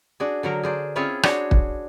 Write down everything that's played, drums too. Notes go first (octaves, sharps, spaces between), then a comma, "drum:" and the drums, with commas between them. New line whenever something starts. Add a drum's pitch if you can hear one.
D4 F#4 G#4
D3 F#3 A#4
G#4 C5 D5
C4 C#4 E4 F4 G#4 C#5
D4 F#4 G#4 C5 C#5, drum: rim click
drum: kick